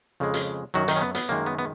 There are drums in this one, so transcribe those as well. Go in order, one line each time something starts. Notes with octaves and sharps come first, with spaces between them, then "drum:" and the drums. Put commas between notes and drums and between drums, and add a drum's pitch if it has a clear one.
F2 C#3 G#3
drum: hi-hat
F#2 D#3 F#3 F#4
D#3 D#4, drum: hi-hat
C#4
B3
B3, drum: hi-hat
F#2 D#3 G#3 A#3
B3
B3